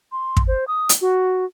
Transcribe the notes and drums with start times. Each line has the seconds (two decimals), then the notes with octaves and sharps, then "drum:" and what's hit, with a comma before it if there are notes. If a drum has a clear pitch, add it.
0.12 C6
0.37 drum: kick
0.47 C5
0.68 D#6
0.89 drum: hi-hat
1.01 F#4